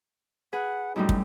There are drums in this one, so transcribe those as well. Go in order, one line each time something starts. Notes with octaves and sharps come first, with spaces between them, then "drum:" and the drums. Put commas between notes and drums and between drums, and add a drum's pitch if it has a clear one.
G#4 B4 F#5
F#2 A2 G3 D#4
drum: kick